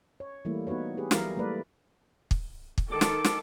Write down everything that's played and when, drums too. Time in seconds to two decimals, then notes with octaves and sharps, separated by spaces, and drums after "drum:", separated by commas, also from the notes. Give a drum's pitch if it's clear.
0.20 C#5
0.45 E3 G3 A3 A#3 E4
0.67 B3 D#4 F#4 B4 C#5
0.97 G4 G#4 B4
1.11 E3 F#3 G3 E4 A#4 F5, drum: snare
1.36 G3 A3 A#3 B4 D5
2.31 drum: kick
2.78 drum: kick
2.91 D#3 A4 D6
3.01 drum: snare
3.24 drum: snare